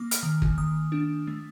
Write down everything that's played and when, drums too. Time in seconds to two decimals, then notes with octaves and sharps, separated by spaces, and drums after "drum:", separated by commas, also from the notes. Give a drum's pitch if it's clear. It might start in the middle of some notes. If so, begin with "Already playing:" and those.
Already playing: A#3 D6
0.11 F6, drum: hi-hat
0.23 D#3
0.42 drum: kick
0.58 D#3 D#6
0.92 D4
1.27 A3